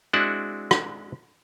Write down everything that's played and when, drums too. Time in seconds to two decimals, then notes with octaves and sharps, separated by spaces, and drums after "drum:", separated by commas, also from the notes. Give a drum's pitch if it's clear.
0.13 G#3 C4 D4 E4 F#4 F#5
0.71 drum: rim click